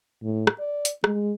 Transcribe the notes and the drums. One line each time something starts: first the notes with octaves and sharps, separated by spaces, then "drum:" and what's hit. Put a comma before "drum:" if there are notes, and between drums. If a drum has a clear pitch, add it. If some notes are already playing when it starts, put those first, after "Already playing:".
A2
drum: rim click
D5
drum: hi-hat
G#3, drum: rim click